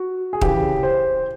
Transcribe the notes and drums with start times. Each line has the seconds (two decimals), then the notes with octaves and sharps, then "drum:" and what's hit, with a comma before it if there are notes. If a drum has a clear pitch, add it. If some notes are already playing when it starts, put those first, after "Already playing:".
Already playing: F#4
0.33 G#4
0.41 C#3 E3 G4, drum: kick D#1
0.83 C5